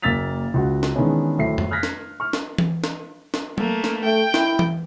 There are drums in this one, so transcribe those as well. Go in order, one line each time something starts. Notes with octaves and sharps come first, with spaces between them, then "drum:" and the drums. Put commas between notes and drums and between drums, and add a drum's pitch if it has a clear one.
F#1 A#3 E6 A6 B6 F7
C#2 F#4 F#5
drum: snare
D#3 E3 G#3 B3 C#4 D4
D1 A2 A3 C7
drum: tom F2
F6 F#6 G#6 A#6 B6
drum: snare
C#6 F6
drum: snare
drum: tom E3
drum: snare
drum: snare
A3 A#3, drum: tom F#3
drum: snare
A3 G5
E4, drum: snare
drum: tom E3